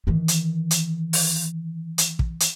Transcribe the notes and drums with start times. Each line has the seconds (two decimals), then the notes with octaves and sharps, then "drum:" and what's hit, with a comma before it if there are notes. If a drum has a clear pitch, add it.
0.07 D#3 E3
0.28 drum: hi-hat
0.71 drum: hi-hat
1.13 drum: open hi-hat
1.98 drum: hi-hat
2.19 drum: kick
2.40 drum: hi-hat